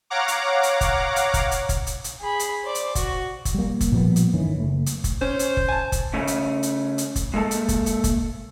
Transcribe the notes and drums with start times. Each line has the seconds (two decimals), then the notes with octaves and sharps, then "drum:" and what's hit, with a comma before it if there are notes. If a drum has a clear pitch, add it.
0.10 C#5 F5 F#5 A#5 D6
0.28 drum: hi-hat
0.63 drum: hi-hat
0.81 drum: kick F#1, hi-hat
1.16 drum: hi-hat
1.34 drum: kick F#1, hi-hat
1.51 drum: hi-hat
1.69 drum: kick F#1, hi-hat
1.87 drum: hi-hat
2.04 drum: hi-hat
2.21 G#4 B5
2.40 drum: hi-hat
2.63 C5 D5
2.75 drum: hi-hat
2.95 F#4, drum: kick F#1, hi-hat
3.45 drum: kick F#1, hi-hat
3.54 G3 A#3
3.81 drum: kick F#1, hi-hat
3.92 A#2 F3 G3 B3
4.16 drum: hi-hat
4.33 G1 D#3 E3 C#4
4.58 F#1 A3
4.86 drum: hi-hat
5.04 drum: kick F#1, hi-hat
5.21 C#4 C5
5.39 drum: hi-hat
5.57 drum: kick F#1
5.69 G#5 A5
5.92 drum: kick F#1, hi-hat
6.14 C#3 A3 C#4
6.27 drum: hi-hat
6.63 drum: hi-hat
6.98 drum: hi-hat
7.16 drum: kick F#1, hi-hat
7.34 G#3 A#3 A4 A5
7.51 drum: hi-hat
7.68 drum: kick F#1, hi-hat
7.86 drum: hi-hat
8.04 drum: kick F#1, hi-hat